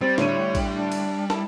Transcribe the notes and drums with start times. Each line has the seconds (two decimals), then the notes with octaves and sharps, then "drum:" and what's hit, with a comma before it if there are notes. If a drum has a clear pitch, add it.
0.01 G3 C4 A6
0.18 A2 D3 C#5 D#7, drum: snare
0.55 drum: kick A1, cymbal
0.74 D4
0.92 drum: cymbal
1.30 E4 A5, drum: snare